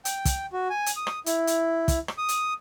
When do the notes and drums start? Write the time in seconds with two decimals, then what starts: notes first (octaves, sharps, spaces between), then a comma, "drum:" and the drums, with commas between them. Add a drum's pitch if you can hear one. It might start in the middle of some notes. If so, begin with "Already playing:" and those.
0.05 G5, drum: hi-hat
0.25 drum: kick, hi-hat
0.53 F#4
0.70 G#5
0.86 drum: hi-hat
0.96 D#6
1.07 drum: rim click
1.26 E4, drum: hi-hat
1.47 drum: hi-hat
1.88 drum: kick, hi-hat
2.08 drum: rim click
2.18 D#6
2.29 drum: hi-hat